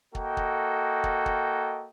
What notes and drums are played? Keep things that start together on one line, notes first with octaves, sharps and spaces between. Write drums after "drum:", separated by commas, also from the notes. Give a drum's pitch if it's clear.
A#3 F#4 A4 D#5 G5, drum: kick
drum: kick
drum: kick
drum: kick